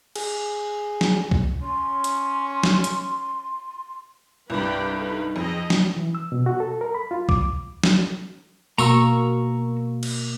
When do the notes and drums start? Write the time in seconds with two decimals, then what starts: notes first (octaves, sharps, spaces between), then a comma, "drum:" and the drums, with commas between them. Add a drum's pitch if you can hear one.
0.16 G#4, drum: cymbal
1.01 drum: snare
1.31 drum: kick C2
1.62 C#4 C6
2.04 drum: hi-hat
2.63 drum: snare
2.84 drum: hi-hat
4.50 C2 G2 B4 D5 G5
4.93 D#4 A4 B4
5.36 F2 G#4 D#5
5.70 drum: snare
5.96 E3
6.15 E6
6.32 B2
6.46 F#4
6.60 A4
6.81 A#4
6.95 B5
7.11 F4
7.29 D6, drum: kick C2
7.84 drum: snare
8.78 B2 A#3 A#5 C#6 E6, drum: tambourine
10.03 drum: cymbal